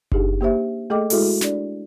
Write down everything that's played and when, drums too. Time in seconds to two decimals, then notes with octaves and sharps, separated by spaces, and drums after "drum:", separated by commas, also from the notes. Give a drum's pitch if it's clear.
0.12 D4 D#4 G4 G#4, drum: kick F#1
0.41 A#3 G4 C5 E5
0.90 A3 G#4 A4 D#5 G5 D6
1.10 G#3 E4 F#4 G#4 A4, drum: open hi-hat
1.26 F#4
1.41 D4 D5, drum: snare